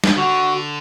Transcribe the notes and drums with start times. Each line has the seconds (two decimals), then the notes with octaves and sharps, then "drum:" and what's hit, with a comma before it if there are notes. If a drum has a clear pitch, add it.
0.04 drum: snare
0.17 D3 F#4